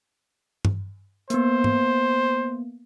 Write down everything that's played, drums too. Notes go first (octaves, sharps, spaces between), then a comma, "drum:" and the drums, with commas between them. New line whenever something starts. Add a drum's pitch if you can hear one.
drum: tom G2
A#3 B3 C5, drum: hi-hat
drum: tom G#2